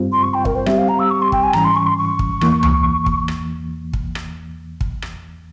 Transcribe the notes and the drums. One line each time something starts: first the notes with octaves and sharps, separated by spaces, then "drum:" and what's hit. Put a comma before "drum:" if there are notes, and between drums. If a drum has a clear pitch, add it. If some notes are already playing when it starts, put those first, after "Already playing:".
Already playing: G2 G3 C4 F4
C6
C#6
G5
A#4, drum: kick
C5
G3 C4 G4 E5, drum: rim click
F5
A#5
E6
C#6
C6
G5, drum: kick
G#5
G#2 E3 G3 C#4 A#5, drum: rim click
C6
C#6
C6
C#6
drum: kick
E2 E3 A#3, drum: rim click
drum: tom C#2
drum: kick
drum: rim click
drum: kick
drum: rim click
drum: kick
drum: rim click